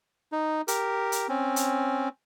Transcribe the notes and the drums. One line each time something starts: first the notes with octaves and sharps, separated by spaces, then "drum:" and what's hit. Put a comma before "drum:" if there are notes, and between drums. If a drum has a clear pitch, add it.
D#4
G4 A#4, drum: hi-hat
drum: hi-hat
C4 C#4
drum: hi-hat